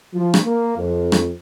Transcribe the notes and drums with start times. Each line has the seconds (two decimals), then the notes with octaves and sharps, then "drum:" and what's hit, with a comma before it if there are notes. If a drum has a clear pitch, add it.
0.14 F3
0.34 drum: rim click
0.44 A#3
0.77 F2
1.12 drum: rim click